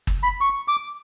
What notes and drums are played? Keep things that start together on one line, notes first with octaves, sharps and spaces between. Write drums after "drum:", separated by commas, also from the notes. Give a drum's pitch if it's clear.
drum: kick
B5
C#6
D6